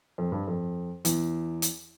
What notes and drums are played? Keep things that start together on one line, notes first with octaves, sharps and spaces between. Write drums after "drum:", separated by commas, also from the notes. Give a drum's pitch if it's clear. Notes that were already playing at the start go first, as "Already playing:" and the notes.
F2
G2
F2
E2, drum: hi-hat
drum: hi-hat